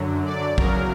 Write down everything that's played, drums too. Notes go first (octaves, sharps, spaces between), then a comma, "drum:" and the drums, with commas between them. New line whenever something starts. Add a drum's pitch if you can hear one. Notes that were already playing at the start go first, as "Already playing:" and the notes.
Already playing: F#2 D3 F#3
D5
E2 C#3 F#3 A#4, drum: kick